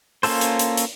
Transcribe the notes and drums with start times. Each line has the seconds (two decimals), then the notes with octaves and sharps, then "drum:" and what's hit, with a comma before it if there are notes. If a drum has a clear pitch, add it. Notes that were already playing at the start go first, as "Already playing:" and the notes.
0.23 A#3 C#4 F4 A4 C5, drum: open hi-hat
0.41 drum: hi-hat
0.59 drum: hi-hat
0.77 drum: hi-hat